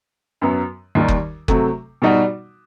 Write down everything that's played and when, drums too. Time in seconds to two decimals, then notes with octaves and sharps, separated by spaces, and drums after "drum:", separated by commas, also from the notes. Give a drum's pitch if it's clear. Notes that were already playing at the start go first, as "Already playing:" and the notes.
0.41 F#2 F#3 B3
0.95 D#2 D#3 G3 D#4
1.08 drum: kick F#1
1.48 C3 F#3 A3, drum: kick F#1
2.02 B2 G3 D#4 F#4